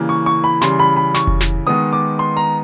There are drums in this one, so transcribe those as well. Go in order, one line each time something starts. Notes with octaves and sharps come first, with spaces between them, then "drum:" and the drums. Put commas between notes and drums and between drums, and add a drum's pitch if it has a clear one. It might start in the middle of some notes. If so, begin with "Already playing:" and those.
Already playing: C#3 E3 G3 A#3
C#6
C#6
B5
C#3 E3 G3 C6, drum: snare
B5
B5
C#6, drum: snare
drum: kick F1
drum: snare
D#3 G#3 B3 D#6
D6
C6
A#5